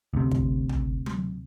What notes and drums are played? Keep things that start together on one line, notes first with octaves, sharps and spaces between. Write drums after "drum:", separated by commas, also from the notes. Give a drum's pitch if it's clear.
D2 C3
drum: kick
drum: tom
drum: tom F#3